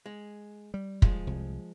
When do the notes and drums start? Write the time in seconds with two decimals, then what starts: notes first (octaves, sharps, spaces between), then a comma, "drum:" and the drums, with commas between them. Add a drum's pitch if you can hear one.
0.06 G#3
0.74 G3
1.02 F3 G#3, drum: kick
1.27 C2